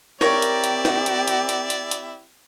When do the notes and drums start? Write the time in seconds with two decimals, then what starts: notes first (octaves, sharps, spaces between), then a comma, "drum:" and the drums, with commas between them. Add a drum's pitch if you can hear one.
0.21 C4 E4 G4 A#4 C#5 D5, drum: snare
0.42 drum: hi-hat
0.64 drum: hi-hat
0.85 drum: snare
1.06 drum: hi-hat
1.28 drum: hi-hat
1.49 drum: hi-hat
1.70 drum: hi-hat
1.91 drum: hi-hat